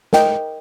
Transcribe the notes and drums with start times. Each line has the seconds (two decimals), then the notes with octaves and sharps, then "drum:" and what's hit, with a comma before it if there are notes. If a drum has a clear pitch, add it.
0.13 A#4 D#5 G5, drum: snare